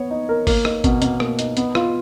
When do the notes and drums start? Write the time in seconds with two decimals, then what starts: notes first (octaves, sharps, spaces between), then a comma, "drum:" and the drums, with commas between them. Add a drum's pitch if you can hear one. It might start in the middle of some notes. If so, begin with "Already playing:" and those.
Already playing: B3 C#5
0.10 D#4
0.29 A#4
0.47 A#3, drum: kick G#1, open hi-hat
0.65 D#4, drum: rim click
0.84 B2, drum: kick G#1, hi-hat
1.02 B2, drum: hi-hat
1.20 A#3, drum: rim click
1.39 D#4, drum: hi-hat
1.57 B3, drum: hi-hat
1.75 F4, drum: rim click